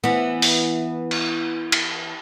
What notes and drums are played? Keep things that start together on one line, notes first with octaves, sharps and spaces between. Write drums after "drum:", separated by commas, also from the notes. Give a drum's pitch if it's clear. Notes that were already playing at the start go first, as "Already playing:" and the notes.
E3 B3
drum: open hi-hat
drum: cymbal
drum: cymbal